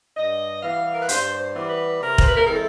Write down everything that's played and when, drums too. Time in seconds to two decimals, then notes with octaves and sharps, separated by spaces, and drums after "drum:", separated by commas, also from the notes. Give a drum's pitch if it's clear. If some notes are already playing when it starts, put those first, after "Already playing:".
0.17 G2 D#5
0.63 E3 G3 B3 F5
0.94 A#4
1.01 B4
1.09 G2 C5, drum: hi-hat
1.40 C5
1.54 E3 G3 B3
1.69 B4
2.00 C3 A#4
2.18 C5, drum: kick
2.27 B4
2.36 A#4
2.46 E3 G#3 C4 E4 A4